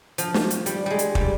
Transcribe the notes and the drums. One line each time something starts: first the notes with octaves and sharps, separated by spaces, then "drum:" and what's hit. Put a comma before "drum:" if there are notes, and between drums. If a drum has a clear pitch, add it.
F3, drum: hi-hat
drum: snare
drum: hi-hat
G3, drum: hi-hat
G3 G#3
drum: hi-hat
G3, drum: kick